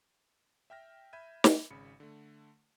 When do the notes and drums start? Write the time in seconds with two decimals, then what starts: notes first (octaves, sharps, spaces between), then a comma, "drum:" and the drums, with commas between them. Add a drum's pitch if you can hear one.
0.70 E5 G5 F6 A#6
1.13 E5 B5 G6 G#6 D#7
1.44 drum: snare
1.70 G#1 C#3 B5 C#7
2.00 D3 A3